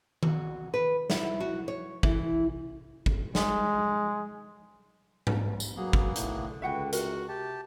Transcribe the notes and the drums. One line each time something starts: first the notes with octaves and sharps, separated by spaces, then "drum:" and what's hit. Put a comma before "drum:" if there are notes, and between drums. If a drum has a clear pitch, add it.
F#4, drum: tom D#3
B4
E4, drum: snare
F#4
C#5
E3, drum: kick
drum: kick
G#3, drum: snare
drum: tom G#2
drum: tambourine
F#3 A#3 B3 G#4
drum: kick
A2 D3 D#4, drum: hi-hat
C#2 F#4 B4 E5 F#5 G5
G2 C3 F#4 A#4, drum: hi-hat
C3 G4 A5